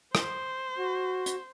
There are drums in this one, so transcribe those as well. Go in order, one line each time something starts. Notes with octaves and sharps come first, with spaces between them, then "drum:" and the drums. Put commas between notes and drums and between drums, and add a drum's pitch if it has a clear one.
C5, drum: rim click
F#4
drum: hi-hat